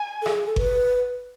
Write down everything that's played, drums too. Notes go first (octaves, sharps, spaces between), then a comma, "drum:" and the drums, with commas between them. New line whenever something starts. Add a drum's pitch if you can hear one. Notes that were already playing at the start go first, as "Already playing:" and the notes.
Already playing: G#5
A4
G#4, drum: rim click
A4
B4, drum: kick G1